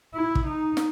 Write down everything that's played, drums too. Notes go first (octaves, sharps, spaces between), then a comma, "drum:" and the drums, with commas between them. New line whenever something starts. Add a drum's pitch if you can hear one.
E4
drum: kick
D#4
drum: snare